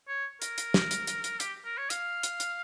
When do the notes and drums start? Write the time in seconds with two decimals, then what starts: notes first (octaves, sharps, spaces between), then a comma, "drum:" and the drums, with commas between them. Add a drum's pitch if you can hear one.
0.08 C#5
0.42 A#4, drum: hi-hat
0.58 drum: hi-hat
0.74 drum: snare
0.91 drum: hi-hat
1.07 drum: hi-hat
1.24 drum: hi-hat
1.40 G4, drum: hi-hat
1.65 A#4
1.78 C#5
1.90 F5, drum: hi-hat
2.23 drum: hi-hat
2.40 drum: hi-hat